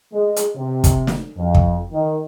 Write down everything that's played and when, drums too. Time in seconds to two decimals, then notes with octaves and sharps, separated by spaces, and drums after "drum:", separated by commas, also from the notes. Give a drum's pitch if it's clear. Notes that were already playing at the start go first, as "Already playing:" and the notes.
0.13 G#3
0.36 drum: hi-hat
0.56 C3
0.84 drum: kick, hi-hat
1.07 drum: snare
1.37 F2
1.55 drum: kick
1.92 D#3